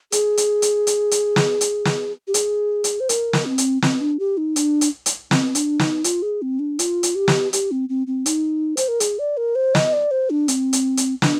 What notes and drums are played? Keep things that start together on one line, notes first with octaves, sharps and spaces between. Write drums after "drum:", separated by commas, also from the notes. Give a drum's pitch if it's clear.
G#4, drum: hi-hat
drum: hi-hat
drum: hi-hat
drum: hi-hat
drum: hi-hat
drum: snare
drum: hi-hat
drum: snare
G4
G#4, drum: hi-hat
drum: hi-hat
C5
A#4, drum: hi-hat
drum: snare
C4
drum: hi-hat
C4, drum: snare
D4
G4
D#4
D4, drum: hi-hat
drum: hi-hat
drum: hi-hat
C4, drum: snare
D4, drum: hi-hat
D#4, drum: snare
F4, drum: hi-hat
G#4
C4
D4
F4, drum: hi-hat
drum: hi-hat
G4
drum: snare
G4, drum: hi-hat
C4
C4
C4
D#4, drum: hi-hat
C5, drum: hi-hat
A#4
G#4, drum: hi-hat
D5
A#4
C5
D#5, drum: snare
D5
C5
D4
C4, drum: hi-hat
drum: hi-hat
drum: hi-hat
D4, drum: snare